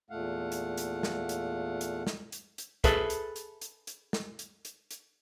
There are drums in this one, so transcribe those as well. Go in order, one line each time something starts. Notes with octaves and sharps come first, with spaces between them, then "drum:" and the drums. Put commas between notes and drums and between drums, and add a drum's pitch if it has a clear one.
E2 A#2 A3 F5 F#5
drum: hi-hat
drum: hi-hat
drum: snare
drum: hi-hat
drum: hi-hat
drum: snare
drum: hi-hat
drum: hi-hat
G#4 A4 B4 E5, drum: kick, hi-hat
drum: hi-hat
drum: hi-hat
drum: hi-hat
drum: hi-hat
drum: snare
drum: hi-hat
drum: hi-hat
drum: hi-hat